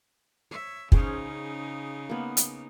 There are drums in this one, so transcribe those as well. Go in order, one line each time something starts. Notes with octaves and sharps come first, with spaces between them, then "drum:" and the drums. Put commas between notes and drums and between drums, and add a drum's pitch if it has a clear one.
C#5 E5
C#3 C#4 D#4 G#4 C5, drum: kick
A#3 B3
drum: hi-hat